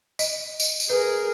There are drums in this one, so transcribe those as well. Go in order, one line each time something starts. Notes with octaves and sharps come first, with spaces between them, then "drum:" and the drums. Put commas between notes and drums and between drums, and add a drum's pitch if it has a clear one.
D#5, drum: tambourine
drum: tambourine
drum: tambourine
G#4 A#4 B4